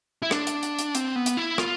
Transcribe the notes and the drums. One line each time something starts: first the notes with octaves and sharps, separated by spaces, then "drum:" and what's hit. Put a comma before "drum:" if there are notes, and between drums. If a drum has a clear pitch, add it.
E4
D4, drum: rim click
drum: hi-hat
drum: hi-hat
drum: hi-hat
C4, drum: hi-hat
B3
drum: hi-hat
E4
F4, drum: rim click